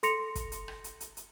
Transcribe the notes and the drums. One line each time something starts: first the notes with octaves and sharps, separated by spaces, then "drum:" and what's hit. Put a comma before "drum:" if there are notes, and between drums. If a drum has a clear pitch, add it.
A4 C6 A#6 C#7 F7, drum: hi-hat
drum: kick, hi-hat
drum: hi-hat
drum: rim click
drum: hi-hat
drum: hi-hat
drum: hi-hat